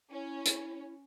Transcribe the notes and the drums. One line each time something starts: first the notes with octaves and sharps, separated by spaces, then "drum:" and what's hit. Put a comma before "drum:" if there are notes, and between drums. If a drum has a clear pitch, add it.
C#4 E4
drum: hi-hat